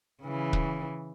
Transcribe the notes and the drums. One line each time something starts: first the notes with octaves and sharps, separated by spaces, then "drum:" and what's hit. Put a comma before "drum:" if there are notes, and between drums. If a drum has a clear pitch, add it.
C#3 E3
drum: kick